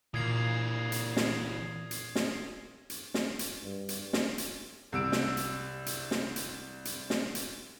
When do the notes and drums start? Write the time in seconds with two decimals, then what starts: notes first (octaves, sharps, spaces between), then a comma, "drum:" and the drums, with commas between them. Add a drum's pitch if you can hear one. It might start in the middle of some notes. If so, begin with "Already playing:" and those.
0.14 A#2 E3 A#3 D#6 G#6 C7
0.92 drum: hi-hat
1.17 drum: snare
1.91 drum: hi-hat
2.15 drum: snare
2.90 drum: hi-hat
3.14 drum: snare
3.39 drum: hi-hat
3.64 G2
3.89 drum: hi-hat
4.13 drum: snare
4.38 drum: hi-hat
4.92 C2 E6 D7
5.12 drum: snare
5.37 drum: hi-hat
5.86 drum: hi-hat
6.11 drum: snare
6.36 drum: hi-hat
6.85 drum: hi-hat
7.10 drum: snare
7.35 drum: hi-hat